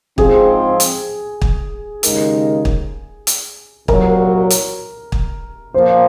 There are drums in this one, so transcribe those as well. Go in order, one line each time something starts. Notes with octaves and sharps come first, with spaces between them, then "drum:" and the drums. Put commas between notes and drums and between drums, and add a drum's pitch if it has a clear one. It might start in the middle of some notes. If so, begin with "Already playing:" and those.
G#2 F3 C4 G#4, drum: kick
drum: hi-hat
drum: kick
D#2 C#3 G#3 D#4 A#4, drum: hi-hat
drum: kick
drum: hi-hat
C2 A#2 F#3 A#4, drum: kick
drum: hi-hat
drum: kick
A#2 F3 A#3 C5